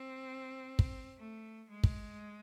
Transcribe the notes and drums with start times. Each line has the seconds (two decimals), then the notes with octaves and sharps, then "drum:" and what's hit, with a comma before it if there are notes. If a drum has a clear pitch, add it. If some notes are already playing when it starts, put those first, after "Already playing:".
Already playing: C4
0.79 drum: kick
1.17 A3
1.70 G#3
1.84 drum: kick